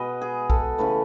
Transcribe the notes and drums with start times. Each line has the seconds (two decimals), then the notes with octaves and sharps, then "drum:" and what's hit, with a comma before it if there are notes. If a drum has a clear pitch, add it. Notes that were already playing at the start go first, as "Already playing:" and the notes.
Already playing: B2 G#3 B4 D#5
0.21 G#4
0.50 A4, drum: kick
0.78 C#3 E3 A3 B4